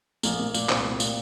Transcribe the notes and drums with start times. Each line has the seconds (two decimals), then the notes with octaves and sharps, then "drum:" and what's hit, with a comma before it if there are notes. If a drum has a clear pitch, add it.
0.23 A#1 A#3 A#4, drum: tambourine
0.39 A#3
0.54 A#2, drum: tambourine
0.69 C2 C4 C5, drum: clap
0.85 A#3
1.00 A#2, drum: tambourine